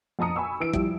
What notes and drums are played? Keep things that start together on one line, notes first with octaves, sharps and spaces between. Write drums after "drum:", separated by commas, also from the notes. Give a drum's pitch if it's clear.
F2 A5 A#5 D#6 C#7
G#5 B5 C#6 E6
E3 E6 D7
F3 G3 E4, drum: kick